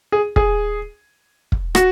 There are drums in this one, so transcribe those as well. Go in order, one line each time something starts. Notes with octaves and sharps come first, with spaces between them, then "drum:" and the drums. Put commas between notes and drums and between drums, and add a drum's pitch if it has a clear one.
G#4
G#4, drum: kick
drum: kick
F#4, drum: rim click